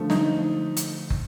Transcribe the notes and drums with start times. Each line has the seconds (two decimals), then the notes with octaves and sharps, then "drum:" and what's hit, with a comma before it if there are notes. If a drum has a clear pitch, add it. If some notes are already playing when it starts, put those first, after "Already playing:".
Already playing: D3 F3 A3
0.10 D#4, drum: snare
0.77 drum: hi-hat
1.10 drum: kick